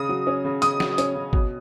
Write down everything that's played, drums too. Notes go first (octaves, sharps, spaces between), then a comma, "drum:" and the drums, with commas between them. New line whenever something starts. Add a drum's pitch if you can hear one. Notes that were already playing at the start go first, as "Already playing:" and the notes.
Already playing: C#3 D#6
F#3
C#4
C#3
C#3 D#6, drum: hi-hat
F#3, drum: snare
C#4, drum: hi-hat
C#3
B2, drum: kick